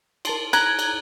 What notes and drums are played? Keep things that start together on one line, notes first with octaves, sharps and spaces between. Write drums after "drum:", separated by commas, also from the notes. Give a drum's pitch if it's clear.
A#4 A5 C6, drum: cymbal
A#5 F#6 G#6, drum: cymbal
drum: cymbal